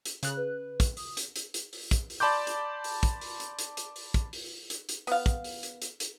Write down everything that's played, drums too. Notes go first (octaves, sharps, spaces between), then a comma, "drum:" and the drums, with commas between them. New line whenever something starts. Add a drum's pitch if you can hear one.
drum: hi-hat
C#3 F#6, drum: hi-hat
B4
drum: kick, hi-hat
D#6, drum: open hi-hat
drum: hi-hat
drum: hi-hat
drum: hi-hat
drum: open hi-hat
drum: kick, hi-hat
drum: open hi-hat
D5 A5 B5 C6 D6 G6
drum: hi-hat
drum: open hi-hat
drum: kick, hi-hat
drum: open hi-hat
drum: hi-hat
drum: hi-hat
drum: hi-hat
drum: open hi-hat
drum: kick, hi-hat
drum: open hi-hat
drum: hi-hat
drum: hi-hat
B3 F5, drum: open hi-hat
drum: kick, hi-hat
drum: open hi-hat
drum: hi-hat
drum: hi-hat
drum: hi-hat